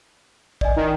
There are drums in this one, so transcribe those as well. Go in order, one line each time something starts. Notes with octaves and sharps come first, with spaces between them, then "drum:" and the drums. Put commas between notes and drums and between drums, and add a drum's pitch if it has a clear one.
D5 D#5 G#5, drum: kick
D#3